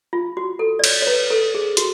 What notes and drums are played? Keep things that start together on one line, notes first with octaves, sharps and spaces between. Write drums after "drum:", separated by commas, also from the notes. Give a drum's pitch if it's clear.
F4
F#4
A4
D5
C#5, drum: cymbal
C#5
B4
A4
G#4
F#4, drum: hi-hat